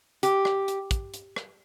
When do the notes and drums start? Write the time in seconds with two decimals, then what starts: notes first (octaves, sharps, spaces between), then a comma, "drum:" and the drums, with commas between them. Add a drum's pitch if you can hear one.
0.23 G4, drum: hi-hat
0.45 drum: rim click
0.68 drum: hi-hat
0.91 drum: kick, hi-hat
1.14 drum: hi-hat
1.36 drum: rim click